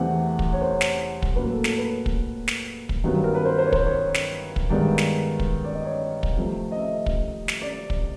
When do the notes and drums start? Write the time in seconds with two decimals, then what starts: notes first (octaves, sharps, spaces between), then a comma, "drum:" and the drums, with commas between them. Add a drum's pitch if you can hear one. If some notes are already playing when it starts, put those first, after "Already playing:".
Already playing: E2 C3 E3 A3 C4 F#5
0.39 drum: kick
0.53 C#5
0.61 C5
0.70 C#5
0.81 drum: snare
1.22 drum: kick
1.36 A2 F#3 A#3 B4
1.50 A4
1.64 A4, drum: snare
1.78 B4
2.06 drum: kick
2.48 drum: snare
2.89 drum: kick
3.04 G2 D#3 F#3 B3
3.24 A#4
3.35 B4
3.45 C5
3.58 C5
3.67 C#5
3.73 C5, drum: kick
3.87 C#5
4.14 drum: snare
4.56 drum: kick
4.69 G2 D#3 G#3 B3 D5
4.98 drum: snare
5.40 drum: kick
5.64 D5
5.74 D#5
5.85 C#5
6.23 drum: kick
6.37 C3 F3 A3
6.72 D#5
6.78 E5
7.06 drum: kick
7.48 drum: snare
7.61 D5
7.90 drum: kick